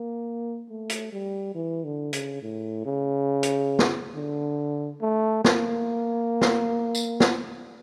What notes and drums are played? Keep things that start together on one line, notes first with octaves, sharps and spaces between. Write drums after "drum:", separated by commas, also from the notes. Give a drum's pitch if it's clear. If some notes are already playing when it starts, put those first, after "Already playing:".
Already playing: A#3
A3
drum: hi-hat
G3
E3
D3
C#3, drum: hi-hat
A2
C#3
drum: hi-hat
drum: snare
D3
A3
A#3, drum: snare
drum: snare
drum: tambourine
drum: snare